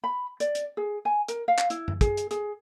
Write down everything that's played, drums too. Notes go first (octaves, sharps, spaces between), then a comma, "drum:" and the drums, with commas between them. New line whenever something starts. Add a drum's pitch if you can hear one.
B5
D5, drum: hi-hat
drum: hi-hat
G#4
G#5
A#4, drum: hi-hat
F5
drum: clap
E4, drum: hi-hat
drum: tom F#2
G#4, drum: kick, hi-hat
drum: hi-hat
G#4, drum: hi-hat